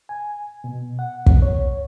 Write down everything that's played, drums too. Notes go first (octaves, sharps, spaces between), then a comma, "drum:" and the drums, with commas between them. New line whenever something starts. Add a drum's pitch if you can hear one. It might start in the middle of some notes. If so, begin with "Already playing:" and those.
G#5
B2
F#5
drum: kick
C#5